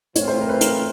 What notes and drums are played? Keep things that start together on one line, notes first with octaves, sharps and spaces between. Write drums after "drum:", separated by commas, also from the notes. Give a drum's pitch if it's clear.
A2 E3 A3 C4 F4 C#5, drum: hi-hat
C5
A#4
B4
A#4, drum: hi-hat